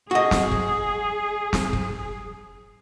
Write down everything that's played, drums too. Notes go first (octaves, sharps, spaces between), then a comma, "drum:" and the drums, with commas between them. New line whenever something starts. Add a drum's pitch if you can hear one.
F#4 G#4 D#5
drum: snare
drum: kick
drum: snare
drum: kick